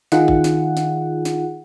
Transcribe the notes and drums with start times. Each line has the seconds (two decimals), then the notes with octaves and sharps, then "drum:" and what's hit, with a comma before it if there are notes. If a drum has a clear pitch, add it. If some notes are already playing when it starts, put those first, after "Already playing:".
0.12 D#3 D#4 F4 G#4 F#5, drum: snare
0.28 drum: kick G#1
0.44 drum: snare
0.77 drum: snare
1.25 drum: snare